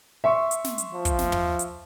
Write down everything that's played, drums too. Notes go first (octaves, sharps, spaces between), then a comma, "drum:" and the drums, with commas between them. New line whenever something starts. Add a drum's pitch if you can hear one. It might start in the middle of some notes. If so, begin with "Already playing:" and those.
E5 C6 C#6
drum: hi-hat
drum: snare
drum: hi-hat
F3
drum: kick, hi-hat
drum: snare
drum: tom
drum: hi-hat